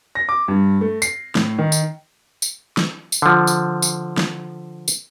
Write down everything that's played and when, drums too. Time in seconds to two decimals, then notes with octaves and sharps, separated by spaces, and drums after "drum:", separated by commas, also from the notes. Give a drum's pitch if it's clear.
0.15 A#6
0.29 D6
0.48 G2
0.81 A3
1.02 C7, drum: tambourine
1.35 A2, drum: snare
1.59 D#3
1.72 drum: tambourine
2.42 drum: tambourine
2.77 drum: snare
3.12 drum: tambourine
3.22 D3 F3
3.47 drum: tambourine
3.82 drum: tambourine
4.17 drum: snare
4.88 drum: tambourine